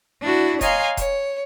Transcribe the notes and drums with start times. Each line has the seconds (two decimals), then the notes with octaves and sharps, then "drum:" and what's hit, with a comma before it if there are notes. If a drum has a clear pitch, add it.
0.22 D4 E4 F#4
0.61 C#5 D#5 F5 G#5 A#5 C6, drum: kick E1, hi-hat
0.97 C#5, drum: kick E1, hi-hat